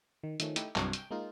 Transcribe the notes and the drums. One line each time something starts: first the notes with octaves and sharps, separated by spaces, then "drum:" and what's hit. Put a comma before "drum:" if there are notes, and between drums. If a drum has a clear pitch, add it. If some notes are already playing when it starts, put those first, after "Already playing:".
D#3
D#3 F3 A3 C#4, drum: hi-hat
A3 D#4 E4 G4, drum: hi-hat
C2 G2 C3 F#3, drum: clap
G5 G6, drum: hi-hat
G#3 A#3 D#4 F4